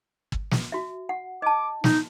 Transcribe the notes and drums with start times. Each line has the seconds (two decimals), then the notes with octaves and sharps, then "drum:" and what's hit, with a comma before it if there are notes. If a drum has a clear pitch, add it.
0.32 drum: kick
0.51 drum: snare
0.72 F#4 E5
1.09 F#5
1.42 D#5 A5 D6
1.84 D#4, drum: snare